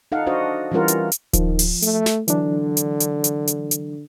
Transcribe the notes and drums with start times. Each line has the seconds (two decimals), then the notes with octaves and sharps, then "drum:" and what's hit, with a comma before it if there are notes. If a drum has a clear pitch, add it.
0.12 D#4 A4 F5 F#5
0.26 D4 F#4 C5 D#5
0.72 E3 G3 C#4 F4 A#4 F#5
0.88 drum: hi-hat
1.12 drum: hi-hat
1.33 D#3 F3, drum: kick D1, hi-hat
1.59 drum: open hi-hat
1.82 A3, drum: hi-hat
2.06 drum: snare
2.28 D3 E3 F#3 D4, drum: hi-hat
2.77 drum: hi-hat
3.00 drum: hi-hat
3.24 drum: hi-hat
3.47 drum: hi-hat
3.71 drum: hi-hat